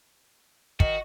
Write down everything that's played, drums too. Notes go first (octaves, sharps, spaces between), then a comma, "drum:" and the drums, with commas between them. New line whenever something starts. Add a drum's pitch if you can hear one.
D#3 F#4, drum: kick